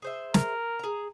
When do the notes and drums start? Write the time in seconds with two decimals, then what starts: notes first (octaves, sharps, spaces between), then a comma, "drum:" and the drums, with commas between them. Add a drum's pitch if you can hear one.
0.02 G#4 C5 E5
0.34 A#4, drum: snare
0.79 G#4 A#5